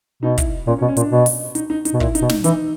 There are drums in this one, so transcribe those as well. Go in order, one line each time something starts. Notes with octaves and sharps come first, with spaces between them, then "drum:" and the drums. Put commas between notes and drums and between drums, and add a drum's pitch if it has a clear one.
B2 D#4
E4, drum: kick, hi-hat
A#2 C#4
C#4
B2
C#4
A#2, drum: hi-hat
D4
B2
drum: open hi-hat
D#4, drum: hi-hat
D#4
D#4, drum: hi-hat
B2
A#2 E4, drum: kick
D#4, drum: hi-hat
B2
D#4, drum: snare
E3 D#4, drum: hi-hat